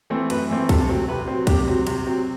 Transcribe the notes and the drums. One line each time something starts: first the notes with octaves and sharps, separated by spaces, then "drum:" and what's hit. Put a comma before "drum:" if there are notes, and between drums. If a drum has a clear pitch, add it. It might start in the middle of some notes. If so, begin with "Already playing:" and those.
E3 A3 C4
F#2 B4, drum: cymbal
E3 A3 C4
C3 A4, drum: kick, cymbal
F#3 C4
C3 B4
F#3 C4
C3 G4, drum: kick, cymbal
F#3 C4
C3, drum: cymbal
F#3 C4